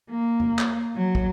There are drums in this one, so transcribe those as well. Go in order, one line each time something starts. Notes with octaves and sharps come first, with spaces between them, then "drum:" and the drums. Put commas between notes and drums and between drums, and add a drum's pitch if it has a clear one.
A#3
drum: tom E2
drum: clap
F#3
drum: kick